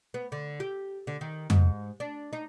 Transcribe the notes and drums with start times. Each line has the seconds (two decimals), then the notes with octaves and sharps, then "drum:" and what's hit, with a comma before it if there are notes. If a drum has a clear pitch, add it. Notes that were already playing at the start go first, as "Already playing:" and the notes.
0.14 B3
0.32 D3
0.60 G4
1.07 D3
1.21 D#3
1.50 G#2, drum: tom F2
2.00 D4
2.33 D#4